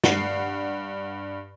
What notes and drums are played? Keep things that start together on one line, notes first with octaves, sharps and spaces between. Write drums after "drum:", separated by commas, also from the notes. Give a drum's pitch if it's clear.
G2 F#5 C7, drum: snare